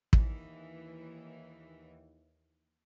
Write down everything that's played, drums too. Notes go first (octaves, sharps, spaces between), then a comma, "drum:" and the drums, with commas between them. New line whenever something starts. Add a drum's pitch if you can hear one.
D#2 E3, drum: kick